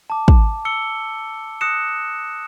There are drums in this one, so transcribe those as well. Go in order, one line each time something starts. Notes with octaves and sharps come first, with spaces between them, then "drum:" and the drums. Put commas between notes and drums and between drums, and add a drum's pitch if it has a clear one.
A5 D6
drum: kick
E6 C#7 G7
D#6 F#6 A#6 C#7 E7